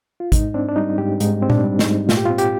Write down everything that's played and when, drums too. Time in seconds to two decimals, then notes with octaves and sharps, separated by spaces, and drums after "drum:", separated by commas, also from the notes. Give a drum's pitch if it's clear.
0.20 F4
0.32 G#2 D#4, drum: kick, hi-hat
0.54 C4 D4
0.68 D4
0.76 G3 D#4
0.98 G#2 G4
1.20 G#2 D#4, drum: hi-hat
1.42 C4
1.50 D4, drum: tom A#2
1.64 G3
1.79 D#4, drum: snare
1.86 G#2
2.09 A#2 F4, drum: snare
2.17 G4
2.25 C4 F4
2.38 G4, drum: hi-hat